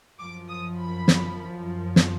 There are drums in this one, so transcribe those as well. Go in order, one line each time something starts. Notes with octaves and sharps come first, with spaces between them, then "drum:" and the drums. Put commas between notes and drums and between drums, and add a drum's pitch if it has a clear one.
F#2 F3 D6
D#6
B5
drum: snare
drum: snare